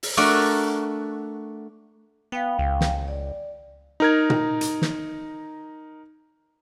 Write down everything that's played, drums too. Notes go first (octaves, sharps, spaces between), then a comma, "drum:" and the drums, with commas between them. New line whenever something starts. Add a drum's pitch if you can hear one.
drum: open hi-hat
A3 D4 F#4 A#4
B3 F5 G5
C#2
drum: snare
D5
D#4 A#4 G#6
drum: tom A#2
drum: hi-hat
drum: snare